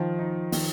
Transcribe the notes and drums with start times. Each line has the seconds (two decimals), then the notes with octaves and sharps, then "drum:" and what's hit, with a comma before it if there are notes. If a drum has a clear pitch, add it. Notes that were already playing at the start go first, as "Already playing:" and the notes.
Already playing: D#3 F3
0.19 D#4
0.52 D#3, drum: open hi-hat